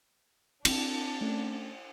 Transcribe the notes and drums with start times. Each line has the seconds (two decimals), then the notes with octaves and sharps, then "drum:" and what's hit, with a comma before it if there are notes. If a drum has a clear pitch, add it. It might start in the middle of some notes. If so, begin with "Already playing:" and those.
0.65 C4 D4, drum: cymbal
1.21 A3 C#4